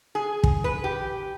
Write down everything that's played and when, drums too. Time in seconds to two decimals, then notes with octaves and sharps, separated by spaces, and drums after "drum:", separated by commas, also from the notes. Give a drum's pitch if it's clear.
0.15 G#4
0.44 drum: kick
0.64 B4
0.84 G4